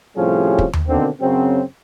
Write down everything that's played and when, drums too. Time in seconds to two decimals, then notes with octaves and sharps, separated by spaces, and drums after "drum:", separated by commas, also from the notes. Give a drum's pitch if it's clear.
0.17 A2 C3 F3 G3 C#4 G#4
0.59 drum: kick
0.73 drum: tom D#2
0.88 B2 D3 D#3 A#3 C4
1.21 F#2 C#3 F#3 C4